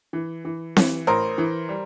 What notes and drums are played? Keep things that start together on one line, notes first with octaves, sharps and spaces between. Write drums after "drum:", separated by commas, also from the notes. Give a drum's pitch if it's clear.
E3
E3
E3, drum: snare C4
A1 A#4 C5
E3
G3